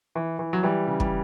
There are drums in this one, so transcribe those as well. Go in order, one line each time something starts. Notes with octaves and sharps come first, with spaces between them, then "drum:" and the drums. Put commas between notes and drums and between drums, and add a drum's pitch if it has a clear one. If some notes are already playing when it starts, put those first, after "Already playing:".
E3
E3
F#3
E3 G3
C#3
G3, drum: kick